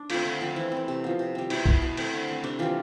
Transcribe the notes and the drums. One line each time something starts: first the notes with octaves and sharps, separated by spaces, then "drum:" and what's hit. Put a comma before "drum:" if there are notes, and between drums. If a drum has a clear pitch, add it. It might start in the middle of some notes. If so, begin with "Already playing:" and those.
Already playing: D4
A3 C4 F4, drum: cymbal
D3
F3 C4
E3 E4
C4
A3
C3
F3 B3
C3
G3 C4
B2 E4, drum: cymbal
B3, drum: kick
B2
A3 C4, drum: cymbal
D3
A3 C4
C3 D4
E3 G3 C4 F4